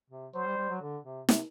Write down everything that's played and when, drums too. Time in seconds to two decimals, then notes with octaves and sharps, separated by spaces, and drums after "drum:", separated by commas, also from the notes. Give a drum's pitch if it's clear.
0.10 C3
0.34 F#3 C5
0.45 G3
0.57 G3
0.70 F#3
0.82 D3
1.05 C3
1.29 C3, drum: snare